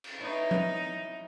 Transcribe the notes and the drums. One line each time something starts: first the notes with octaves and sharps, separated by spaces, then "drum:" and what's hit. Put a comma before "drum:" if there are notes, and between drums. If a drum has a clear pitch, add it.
drum: cymbal
D#4 E4 B4 C#5
drum: tom F3